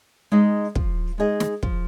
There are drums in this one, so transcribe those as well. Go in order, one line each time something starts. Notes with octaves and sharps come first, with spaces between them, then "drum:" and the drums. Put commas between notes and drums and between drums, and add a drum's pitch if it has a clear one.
G#3 D#4 G#4 D#5
F3, drum: kick
G#3 D#4 G#4 D#5
drum: snare
F3, drum: kick